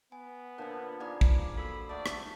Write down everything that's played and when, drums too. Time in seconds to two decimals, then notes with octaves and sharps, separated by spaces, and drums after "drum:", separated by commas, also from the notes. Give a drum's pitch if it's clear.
0.12 B3 G#5
0.58 A#2 D3 F3 A#4 B4
1.00 A#3 D#4 G#4 D5 B5
1.21 drum: kick
1.57 F#4 A4 B5 E6
1.89 A3 C5 D5 F#5 D#6
2.06 drum: rim click